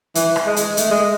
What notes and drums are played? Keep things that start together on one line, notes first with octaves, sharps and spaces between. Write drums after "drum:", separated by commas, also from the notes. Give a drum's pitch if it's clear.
E3, drum: hi-hat
drum: rim click
G#3
drum: hi-hat
A3, drum: hi-hat
G#3